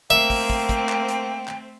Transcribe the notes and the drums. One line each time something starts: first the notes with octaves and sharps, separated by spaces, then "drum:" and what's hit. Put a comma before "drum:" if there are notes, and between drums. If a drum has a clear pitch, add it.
A3 A#3 C4 C5 E5 G5
drum: kick, open hi-hat
drum: kick
drum: kick, hi-hat
drum: clap
drum: hi-hat
drum: clap